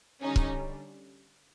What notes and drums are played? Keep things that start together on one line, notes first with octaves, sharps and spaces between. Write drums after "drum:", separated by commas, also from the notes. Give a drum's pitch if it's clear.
D3 G3 C#4 D#4
drum: kick